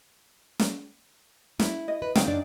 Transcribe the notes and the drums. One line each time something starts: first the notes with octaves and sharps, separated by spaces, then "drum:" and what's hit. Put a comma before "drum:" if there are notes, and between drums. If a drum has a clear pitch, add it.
drum: snare
E4, drum: snare
D#5
B4
C#3 C4 D#4 F5 G5, drum: snare
F#2 D4 D5